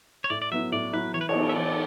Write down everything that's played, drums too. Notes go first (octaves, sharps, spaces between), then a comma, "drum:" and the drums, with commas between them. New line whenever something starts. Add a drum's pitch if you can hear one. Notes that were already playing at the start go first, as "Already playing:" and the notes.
C#5
A2 D5
D5
F#3 B3 E4 E5
A2 D5
F#3 B3 E4 B4
E3 C#5
B4
C#5, drum: cymbal
B3 E4 A4
E5
E3 D5